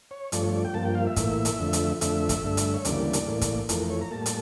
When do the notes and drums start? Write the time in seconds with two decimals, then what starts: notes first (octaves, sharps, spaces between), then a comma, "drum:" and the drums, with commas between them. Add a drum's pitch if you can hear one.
0.11 C#5
0.32 G2 F3 A3 D5, drum: hi-hat
0.43 C#5
0.53 D5
0.65 G5
0.74 G2 F3 A#3 A5
0.85 G5
0.95 F5
1.07 E5
1.16 A2 E3 A#3, drum: kick, hi-hat
1.45 drum: hi-hat
1.59 F2 D3 A3
1.73 drum: hi-hat
2.01 F2 D3 A3 E5, drum: hi-hat
2.29 drum: kick, hi-hat
2.44 G2 D3 A3
2.57 drum: hi-hat
2.74 C#5
2.85 D2 C#3 E3 G3 A#3 D5, drum: hi-hat
3.13 drum: hi-hat
3.27 A2 E3 A#3
3.41 drum: kick, hi-hat
3.69 F2 E3 A3 A#4, drum: hi-hat
3.80 A#4
3.90 C#5
4.01 A#5
4.11 A2 G3 A#3 A5
4.26 drum: hi-hat